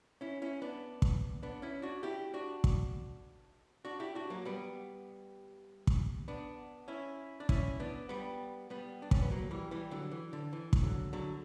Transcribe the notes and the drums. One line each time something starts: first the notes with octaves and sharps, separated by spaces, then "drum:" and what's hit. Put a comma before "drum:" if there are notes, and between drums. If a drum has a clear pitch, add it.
C#4 E4
C#4 E4
B3 D4
drum: kick
B3 D4
C#4 E4
D4 F#4
E4 G4
D4 F#4
drum: kick
D4 F#4
E4 G4
D4 F#4
F#3 A#3
G3 B3
drum: kick
B3 D4
C#4 E4
D4
C#4 E4, drum: kick
B3 D4
G3 B3
G3 B3
D4
C#4, drum: kick
B3
F#3 A#3
E3 G3
E3 G3
D3 F#3
E3
D3
E3
drum: kick
D3 F#3
D3 F#3